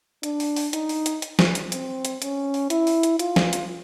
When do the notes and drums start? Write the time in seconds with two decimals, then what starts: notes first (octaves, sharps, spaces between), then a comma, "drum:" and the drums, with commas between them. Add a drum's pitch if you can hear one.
0.23 D4, drum: hi-hat
0.40 drum: open hi-hat
0.56 drum: open hi-hat
0.73 D#4, drum: hi-hat
0.89 drum: open hi-hat
1.06 drum: hi-hat
1.22 drum: hi-hat
1.39 drum: snare
1.55 drum: hi-hat
1.72 C4, drum: hi-hat
2.05 drum: hi-hat
2.22 C#4, drum: hi-hat
2.54 drum: open hi-hat
2.70 E4, drum: hi-hat
2.87 drum: open hi-hat
3.03 drum: hi-hat
3.19 F4, drum: hi-hat
3.36 drum: snare
3.53 drum: hi-hat